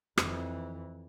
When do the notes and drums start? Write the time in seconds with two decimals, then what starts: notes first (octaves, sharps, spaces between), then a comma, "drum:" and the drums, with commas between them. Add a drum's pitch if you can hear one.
0.18 F2 E3, drum: rim click